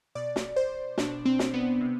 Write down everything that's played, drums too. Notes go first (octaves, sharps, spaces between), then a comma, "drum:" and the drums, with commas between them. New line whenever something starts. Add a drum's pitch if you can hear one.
B2 D5
drum: snare
C5
B2 D4, drum: snare
C4
drum: snare
B3
C3